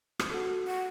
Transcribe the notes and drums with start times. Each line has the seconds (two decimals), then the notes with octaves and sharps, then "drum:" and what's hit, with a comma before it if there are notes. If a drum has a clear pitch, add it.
0.19 drum: rim click
0.32 F#4 A4
0.67 F#5